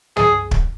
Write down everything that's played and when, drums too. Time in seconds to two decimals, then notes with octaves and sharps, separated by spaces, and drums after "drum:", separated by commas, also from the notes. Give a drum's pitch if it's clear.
0.17 G#4, drum: tom
0.51 drum: kick